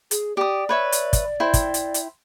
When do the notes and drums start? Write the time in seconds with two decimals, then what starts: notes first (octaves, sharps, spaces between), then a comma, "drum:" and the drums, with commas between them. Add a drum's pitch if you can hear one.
0.11 G#4, drum: hi-hat
0.37 G4 D5 D#6
0.69 B4 C#5 E5
0.92 drum: hi-hat
1.13 drum: kick, hi-hat
1.40 E4 C5 G5
1.54 drum: kick, hi-hat
1.74 drum: hi-hat
1.94 drum: hi-hat